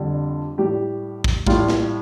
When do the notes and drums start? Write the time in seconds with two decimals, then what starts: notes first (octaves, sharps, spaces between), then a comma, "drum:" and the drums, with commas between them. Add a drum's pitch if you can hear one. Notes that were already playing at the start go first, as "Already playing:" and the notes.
Already playing: F2 D3 G3
0.58 A2 G3 G4
1.24 drum: kick
1.47 A2 G3 F4, drum: kick
1.68 drum: snare